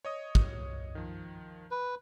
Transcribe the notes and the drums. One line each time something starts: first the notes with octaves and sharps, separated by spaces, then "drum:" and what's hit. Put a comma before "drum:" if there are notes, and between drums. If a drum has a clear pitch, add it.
C#5 D#5 D#6
drum: kick
D#3 F3
B4